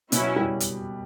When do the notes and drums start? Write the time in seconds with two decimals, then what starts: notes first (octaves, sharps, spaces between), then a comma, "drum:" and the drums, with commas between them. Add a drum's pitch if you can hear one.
0.12 B2 F#3 B3 C#4 E4, drum: hi-hat
0.36 G3 G4
0.60 drum: hi-hat